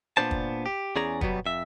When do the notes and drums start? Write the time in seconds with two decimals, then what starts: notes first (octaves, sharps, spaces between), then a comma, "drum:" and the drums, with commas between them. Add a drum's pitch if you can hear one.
0.17 A#2 E3 B3 D4 C5 A5
0.31 drum: kick
0.66 G4
0.96 E2 C#4 G#4 D5 A#5
1.21 B2 F#3 G3 B3, drum: kick
1.46 F2 E5